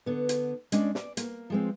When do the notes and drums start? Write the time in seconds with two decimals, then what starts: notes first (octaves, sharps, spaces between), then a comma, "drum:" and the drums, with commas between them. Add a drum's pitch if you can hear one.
0.06 D3 B3
0.29 drum: hi-hat
0.72 G#3 C#4 D4 D5, drum: hi-hat
0.95 D5, drum: snare
1.17 A#3, drum: hi-hat
1.50 F3 G#3 C4